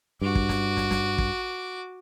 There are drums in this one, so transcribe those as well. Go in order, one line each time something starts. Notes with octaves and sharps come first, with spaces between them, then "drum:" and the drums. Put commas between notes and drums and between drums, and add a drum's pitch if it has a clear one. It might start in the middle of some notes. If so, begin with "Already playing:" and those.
G2 F#4 D6
drum: kick
drum: snare
drum: snare
drum: snare
drum: kick